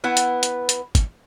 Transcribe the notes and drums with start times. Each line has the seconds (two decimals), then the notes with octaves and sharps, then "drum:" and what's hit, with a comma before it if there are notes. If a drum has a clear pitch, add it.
0.04 B3 E4 B4 F#5
0.17 drum: hi-hat
0.43 drum: hi-hat
0.69 drum: hi-hat
0.95 drum: kick, hi-hat